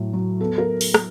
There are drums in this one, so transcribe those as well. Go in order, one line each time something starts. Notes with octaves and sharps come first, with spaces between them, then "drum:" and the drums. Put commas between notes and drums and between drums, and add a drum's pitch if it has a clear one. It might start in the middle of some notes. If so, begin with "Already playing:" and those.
Already playing: A2 F#3 A3
F#3
B3 A4
A#4
drum: open hi-hat
drum: rim click